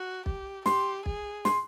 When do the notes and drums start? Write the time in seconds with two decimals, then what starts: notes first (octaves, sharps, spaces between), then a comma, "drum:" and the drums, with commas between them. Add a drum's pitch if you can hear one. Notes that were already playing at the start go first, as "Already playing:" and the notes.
Already playing: F#4
0.26 G4, drum: kick
0.66 G4 C6, drum: snare
1.06 G#4, drum: kick
1.45 C6, drum: snare